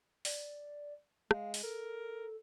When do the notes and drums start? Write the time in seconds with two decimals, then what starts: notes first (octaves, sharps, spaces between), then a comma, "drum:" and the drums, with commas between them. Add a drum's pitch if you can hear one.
0.25 D5, drum: open hi-hat
1.31 G#3 F5, drum: rim click
1.54 drum: open hi-hat
1.63 A4 A#4